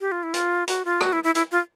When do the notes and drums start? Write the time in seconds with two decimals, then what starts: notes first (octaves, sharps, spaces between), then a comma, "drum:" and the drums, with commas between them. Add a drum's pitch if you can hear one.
0.01 G4
0.12 F4
0.23 E4
0.34 F4, drum: hi-hat
0.68 F#4, drum: hi-hat
0.85 F4
1.01 F#4, drum: rim click
1.13 E4
1.24 E4
1.35 E4, drum: hi-hat
1.51 F4